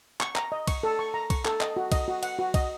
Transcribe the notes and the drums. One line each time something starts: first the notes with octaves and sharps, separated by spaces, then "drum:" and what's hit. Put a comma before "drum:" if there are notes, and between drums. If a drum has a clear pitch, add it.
C#6, drum: clap
A#5, drum: clap
D#5
C#6, drum: kick C2, cymbal
A4
C#6
A#5
C#6, drum: kick C2, cymbal
A4, drum: clap
D#5, drum: clap
F#4
D#5, drum: kick C2, cymbal
F#4
F#5, drum: cymbal
F#4
D#5, drum: kick C2, cymbal